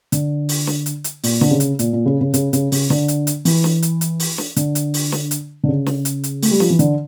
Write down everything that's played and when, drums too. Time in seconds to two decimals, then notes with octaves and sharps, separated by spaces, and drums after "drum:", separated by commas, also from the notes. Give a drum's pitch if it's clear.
0.12 D3, drum: hi-hat
0.49 drum: open hi-hat
0.67 drum: snare
0.86 drum: hi-hat
1.04 drum: hi-hat
1.23 A#2, drum: open hi-hat
1.41 D3, drum: snare
1.51 C#3
1.60 drum: hi-hat
1.79 A#2, drum: hi-hat
1.93 A#2
2.06 C#3
2.21 C#3
2.34 C#3, drum: hi-hat
2.53 C#3, drum: hi-hat
2.72 C#3, drum: open hi-hat
2.90 D3, drum: snare
3.08 drum: hi-hat
3.27 drum: hi-hat
3.45 E3, drum: open hi-hat
3.64 drum: snare
3.82 drum: hi-hat
4.01 drum: hi-hat
4.20 drum: open hi-hat
4.38 drum: snare
4.56 D3, drum: hi-hat
4.75 drum: hi-hat
4.94 drum: open hi-hat
5.12 drum: snare
5.31 drum: hi-hat
5.63 D3
5.68 C#3
5.86 drum: snare
6.05 drum: hi-hat
6.24 drum: hi-hat
6.42 A3, drum: open hi-hat
6.51 G3
6.60 F3, drum: snare
6.70 E3
6.79 D3, drum: hi-hat